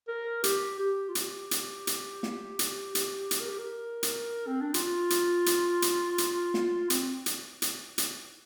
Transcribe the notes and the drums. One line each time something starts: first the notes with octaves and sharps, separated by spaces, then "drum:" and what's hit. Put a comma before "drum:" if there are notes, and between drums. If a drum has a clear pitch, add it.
A#4
G4, drum: hi-hat
G4
F4
G4, drum: hi-hat
drum: hi-hat
drum: hi-hat
drum: snare
drum: hi-hat
drum: hi-hat
drum: hi-hat
A#4
G4
A#4
drum: hi-hat
C4
D4
F4, drum: hi-hat
drum: hi-hat
drum: hi-hat
drum: hi-hat
drum: hi-hat
drum: snare
C4, drum: hi-hat
drum: hi-hat
drum: hi-hat
drum: hi-hat